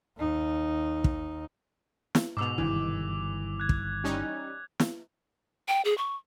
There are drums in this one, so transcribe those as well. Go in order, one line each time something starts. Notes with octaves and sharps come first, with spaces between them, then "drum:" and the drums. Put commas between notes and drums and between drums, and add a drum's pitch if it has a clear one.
D#2 D#4
drum: kick
drum: snare
G#2 B2 D6 E6 F7
G1 D#3 E3
F#6 G#6
drum: kick
G3 C#4 D#4
drum: snare
G5
G#4
C#6